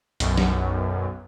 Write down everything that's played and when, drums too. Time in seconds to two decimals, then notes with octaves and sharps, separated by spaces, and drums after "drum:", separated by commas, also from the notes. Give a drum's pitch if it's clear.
0.20 B1 F#2, drum: hi-hat
0.37 drum: snare